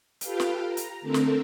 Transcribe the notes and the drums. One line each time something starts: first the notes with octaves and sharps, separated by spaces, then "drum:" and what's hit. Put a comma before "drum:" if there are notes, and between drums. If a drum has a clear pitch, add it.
F4 G4 A4 B4 F5 G5, drum: hi-hat
drum: snare
A#5
drum: hi-hat
D3 A3 C4 A4 A#4
drum: snare